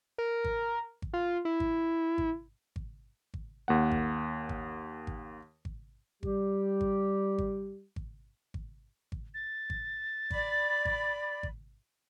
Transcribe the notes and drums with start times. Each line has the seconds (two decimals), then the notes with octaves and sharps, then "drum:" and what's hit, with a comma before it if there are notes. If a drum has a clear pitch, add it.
0.18 A#4
0.44 drum: kick G#1
1.02 drum: kick G#1
1.13 F4
1.45 E4
1.60 drum: kick G#1
2.18 drum: kick G#1
2.76 drum: kick G#1
3.34 drum: kick G#1
3.68 D#2 A#3 F#5
3.91 drum: kick G#1
4.49 drum: kick G#1
5.07 drum: kick G#1
5.65 drum: kick G#1
6.23 G3 G4, drum: kick G#1
6.81 drum: kick G#1
7.38 drum: kick G#1
7.96 drum: kick G#1
8.54 drum: kick G#1
9.12 drum: kick G#1
9.34 A6
9.70 drum: kick G#1
10.31 D5 B5, drum: kick G#1
10.85 drum: kick G#1
11.43 drum: kick G#1